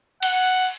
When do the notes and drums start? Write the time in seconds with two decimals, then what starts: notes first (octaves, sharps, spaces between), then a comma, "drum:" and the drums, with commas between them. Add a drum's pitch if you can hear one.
0.23 F#5, drum: cymbal